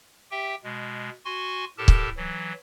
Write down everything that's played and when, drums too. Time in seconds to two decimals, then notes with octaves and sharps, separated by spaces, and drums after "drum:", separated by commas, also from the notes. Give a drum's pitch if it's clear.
0.31 G4 E5 G5
0.64 B2 G#3
1.25 F#4 G#5 C6 C#6
1.78 A2 G4 A4 A#4 A5
1.88 drum: kick
2.17 E3 F#3